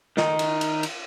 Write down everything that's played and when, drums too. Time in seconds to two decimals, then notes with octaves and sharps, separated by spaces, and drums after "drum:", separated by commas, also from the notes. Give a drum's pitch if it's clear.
0.17 D#3 D#4, drum: snare
0.39 drum: cymbal
0.61 drum: cymbal
0.83 drum: cymbal